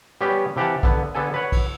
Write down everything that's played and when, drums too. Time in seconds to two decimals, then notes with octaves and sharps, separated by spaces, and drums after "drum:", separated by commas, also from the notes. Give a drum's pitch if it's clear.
0.21 G3 B3 C#4 G4
0.56 C3 E3 G4 F5 F#5 A5
0.83 D3 B3, drum: kick
1.15 D3 B3 A4 G#5
1.34 B4 C#5 F#5
1.52 drum: kick, cymbal